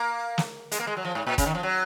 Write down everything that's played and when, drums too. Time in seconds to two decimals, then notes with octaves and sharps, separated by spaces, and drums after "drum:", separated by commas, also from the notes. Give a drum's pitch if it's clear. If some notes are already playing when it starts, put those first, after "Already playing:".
Already playing: A#3
0.38 drum: snare
0.71 G#3, drum: hi-hat
0.80 A#3
0.87 G#3
0.97 F#3
1.05 F3
1.15 G#2
1.27 A#2
1.38 C#3, drum: kick, hi-hat
1.46 D#3
1.55 F3
1.63 F#3